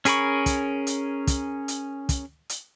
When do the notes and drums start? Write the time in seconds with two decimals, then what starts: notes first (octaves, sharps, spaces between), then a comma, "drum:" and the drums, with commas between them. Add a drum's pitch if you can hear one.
0.05 C#4 G#4 A#4 B5 C#6, drum: hi-hat
0.46 drum: kick, hi-hat
0.87 drum: hi-hat
1.27 drum: kick, hi-hat
1.68 drum: hi-hat
2.09 drum: kick, hi-hat
2.49 drum: hi-hat